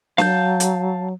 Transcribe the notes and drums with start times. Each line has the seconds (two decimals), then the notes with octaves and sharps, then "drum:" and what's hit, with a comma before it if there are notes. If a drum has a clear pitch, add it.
0.18 F#3 F5 A5 G6, drum: snare
0.60 drum: hi-hat